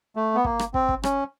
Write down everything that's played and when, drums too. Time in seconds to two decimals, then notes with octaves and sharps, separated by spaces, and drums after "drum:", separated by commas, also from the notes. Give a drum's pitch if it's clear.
0.16 A3
0.35 B3
0.44 A#3, drum: kick
0.59 drum: rim click
0.74 C4, drum: kick
0.89 drum: kick
1.03 C#4, drum: rim click